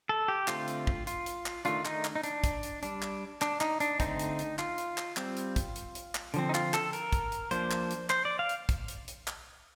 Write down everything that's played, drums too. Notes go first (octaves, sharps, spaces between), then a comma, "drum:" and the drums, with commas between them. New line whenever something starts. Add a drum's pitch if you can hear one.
A4
G4
D3 A3 C4 F4, drum: clap
drum: hi-hat
drum: kick
F4, drum: hi-hat
drum: hi-hat
drum: clap
D#3 A3 D4 F4, drum: hi-hat
D#4, drum: clap
drum: clap
D#4
D4, drum: hi-hat
drum: kick, hi-hat
drum: hi-hat
G3 D4, drum: hi-hat
drum: clap
D4, drum: clap
D#4, drum: clap
D4, drum: hi-hat
D3 A3 C4 D#4, drum: kick, hi-hat
drum: hi-hat
drum: hi-hat
F4, drum: clap
drum: hi-hat
drum: clap
G3 C4, drum: clap
drum: hi-hat
drum: kick, hi-hat
drum: hi-hat
drum: hi-hat
drum: clap
D3 F3 C4, drum: hi-hat
D#4
F4, drum: clap
A4, drum: clap
A#4, drum: hi-hat
drum: kick, hi-hat
drum: hi-hat
F3 A#3 D4 C5, drum: hi-hat
drum: clap
drum: hi-hat
C5, drum: clap
D5
F5
drum: hi-hat
drum: kick, hi-hat
drum: hi-hat
drum: hi-hat
drum: clap